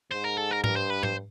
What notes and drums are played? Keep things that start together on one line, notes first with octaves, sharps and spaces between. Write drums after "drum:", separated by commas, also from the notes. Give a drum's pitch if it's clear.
G#2 C5
A#4
A4
A#4
G2 A#4, drum: tom G#2
C5
B4
C5, drum: tom G#2